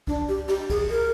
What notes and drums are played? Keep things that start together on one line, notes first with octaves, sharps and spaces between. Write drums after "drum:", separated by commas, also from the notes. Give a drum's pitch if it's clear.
D4, drum: kick
G4
G4, drum: rim click
G#4, drum: kick, cymbal
A#4